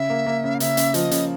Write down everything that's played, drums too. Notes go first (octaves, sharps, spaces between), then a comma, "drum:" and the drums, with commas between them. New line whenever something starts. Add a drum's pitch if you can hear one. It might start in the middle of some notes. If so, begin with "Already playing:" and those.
Already playing: C#3 E5
A#3
A#3
C#3
F5
C#3 E5, drum: hi-hat
C#3, drum: hi-hat
F3 D#5, drum: hi-hat
C#3, drum: hi-hat